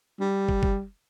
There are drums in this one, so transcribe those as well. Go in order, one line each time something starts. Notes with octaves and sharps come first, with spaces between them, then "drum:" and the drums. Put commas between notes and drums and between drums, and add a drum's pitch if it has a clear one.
G3
drum: kick
drum: kick